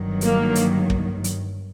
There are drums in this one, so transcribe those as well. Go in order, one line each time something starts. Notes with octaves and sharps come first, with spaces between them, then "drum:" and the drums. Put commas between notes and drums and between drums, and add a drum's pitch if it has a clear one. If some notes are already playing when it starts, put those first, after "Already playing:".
Already playing: G1 G2 D#3 F#3
A#3, drum: hi-hat
drum: hi-hat
drum: kick
drum: hi-hat